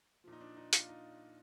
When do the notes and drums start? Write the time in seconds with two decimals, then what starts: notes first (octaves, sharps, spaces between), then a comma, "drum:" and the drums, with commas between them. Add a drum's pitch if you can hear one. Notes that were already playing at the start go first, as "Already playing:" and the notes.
0.24 A#2 F3
0.33 D#4
0.41 D4
0.56 D#4
0.73 F4, drum: hi-hat
0.89 D#4